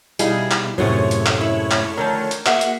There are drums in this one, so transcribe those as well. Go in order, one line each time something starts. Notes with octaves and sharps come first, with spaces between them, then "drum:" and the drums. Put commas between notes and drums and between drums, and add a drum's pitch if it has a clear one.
B2 G3 D#4 E4 G#4 F5, drum: hi-hat
drum: clap
F#2 A2 C3 A3 F4 F#4 G#4 C#5
drum: hi-hat
drum: clap
G#3 E4
drum: clap
D3 D#3 F3 A#4
drum: hi-hat
A#3 F#4 G#4 E5 F#5, drum: clap
drum: hi-hat